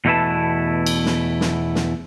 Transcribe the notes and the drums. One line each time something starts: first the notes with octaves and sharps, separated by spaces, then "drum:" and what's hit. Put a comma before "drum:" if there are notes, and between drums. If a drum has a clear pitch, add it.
E2 B2 A3 E4 B4 A5
drum: cymbal
drum: snare
drum: snare
drum: snare